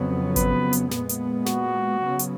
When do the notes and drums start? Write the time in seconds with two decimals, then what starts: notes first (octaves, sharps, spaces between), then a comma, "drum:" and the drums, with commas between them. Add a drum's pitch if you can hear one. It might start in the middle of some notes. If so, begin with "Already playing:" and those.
Already playing: F2 C#3 F#3 B3
0.36 B4, drum: kick G#1, hi-hat
0.73 drum: hi-hat
0.91 A#2 G#3 B3, drum: snare
1.09 drum: hi-hat
1.46 F#4, drum: snare
2.01 C#3 F#3 B3
2.19 drum: hi-hat